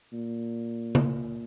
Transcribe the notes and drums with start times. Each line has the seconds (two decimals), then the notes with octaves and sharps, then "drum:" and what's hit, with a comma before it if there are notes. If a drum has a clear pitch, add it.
0.13 A#2
0.95 drum: tom C#3